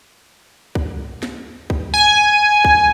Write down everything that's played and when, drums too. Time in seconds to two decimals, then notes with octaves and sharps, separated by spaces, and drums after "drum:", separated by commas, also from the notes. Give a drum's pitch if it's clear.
0.75 drum: kick
1.23 drum: snare
1.70 drum: kick
1.94 G#5
2.65 drum: kick